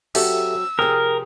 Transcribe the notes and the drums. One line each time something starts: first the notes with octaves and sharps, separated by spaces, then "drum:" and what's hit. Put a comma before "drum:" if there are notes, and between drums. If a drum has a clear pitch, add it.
F#3 C4 F#4 G4 A4 E5 E6, drum: cymbal
C3 F3 G#4 A#4 G5 D#6